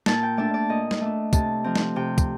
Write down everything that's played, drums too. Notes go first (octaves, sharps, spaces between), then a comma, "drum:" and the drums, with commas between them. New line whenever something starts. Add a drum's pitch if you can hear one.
A#2 A5, drum: snare
G5
A3 D4 D5
D5
A#2 D#5
drum: snare
A3 D4
C3 A5, drum: kick, tambourine
F3 C4
drum: snare
C3 G5
drum: kick, tambourine